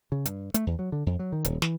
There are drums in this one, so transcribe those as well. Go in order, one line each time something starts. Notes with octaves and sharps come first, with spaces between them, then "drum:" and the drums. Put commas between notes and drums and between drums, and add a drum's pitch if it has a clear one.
C#3
G2, drum: hi-hat
A3, drum: hi-hat
E2
F#3
D3
F2
F#3
D#3
D#1, drum: hi-hat
E3, drum: snare